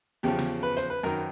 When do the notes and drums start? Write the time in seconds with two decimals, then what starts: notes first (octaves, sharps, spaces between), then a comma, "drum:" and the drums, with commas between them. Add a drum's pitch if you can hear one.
0.23 E2 C#3 F3 G4
0.39 drum: snare
0.63 B4
0.77 C5, drum: hi-hat
0.90 B4
1.03 F#2 D#3 A#4